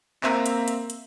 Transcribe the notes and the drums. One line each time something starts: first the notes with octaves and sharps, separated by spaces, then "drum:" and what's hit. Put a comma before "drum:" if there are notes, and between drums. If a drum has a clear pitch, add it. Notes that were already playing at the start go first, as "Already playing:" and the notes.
A#3 C4 E5 A#5, drum: clap
drum: hi-hat
drum: hi-hat
drum: hi-hat